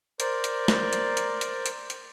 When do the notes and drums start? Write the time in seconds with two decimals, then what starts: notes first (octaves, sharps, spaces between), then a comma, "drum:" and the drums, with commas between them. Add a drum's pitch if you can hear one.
0.20 A#4 C5 D5, drum: hi-hat
0.44 drum: hi-hat
0.68 drum: snare
0.93 drum: hi-hat
1.17 drum: hi-hat
1.41 drum: hi-hat
1.66 drum: hi-hat
1.90 drum: hi-hat